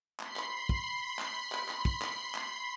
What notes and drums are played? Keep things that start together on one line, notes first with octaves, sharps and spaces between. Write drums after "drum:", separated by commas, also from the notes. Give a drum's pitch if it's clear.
B5 C6 C7, drum: clap
drum: clap
drum: kick
drum: clap
drum: clap
drum: clap
drum: kick
drum: clap
drum: clap